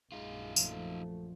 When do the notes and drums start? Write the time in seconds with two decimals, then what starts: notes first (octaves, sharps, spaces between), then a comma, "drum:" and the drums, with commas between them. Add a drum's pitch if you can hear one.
0.12 A#1 F#2 G#3 D#4 F4
0.56 F3 A3, drum: tambourine